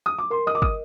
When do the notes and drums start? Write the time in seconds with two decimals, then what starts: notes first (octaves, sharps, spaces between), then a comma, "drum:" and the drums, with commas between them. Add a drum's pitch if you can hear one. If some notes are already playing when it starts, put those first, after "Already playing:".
0.06 D#6
0.19 D6
0.30 A#4 C6
0.47 D#5 D#6
0.55 D6
0.62 D#5 D#6, drum: kick